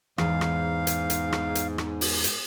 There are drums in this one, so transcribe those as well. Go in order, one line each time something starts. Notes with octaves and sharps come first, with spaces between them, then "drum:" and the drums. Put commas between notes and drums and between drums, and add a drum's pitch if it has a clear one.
E2 G#2 F5, drum: rim click
drum: rim click
drum: hi-hat
drum: hi-hat
drum: rim click
drum: hi-hat
drum: rim click
drum: open hi-hat
drum: hi-hat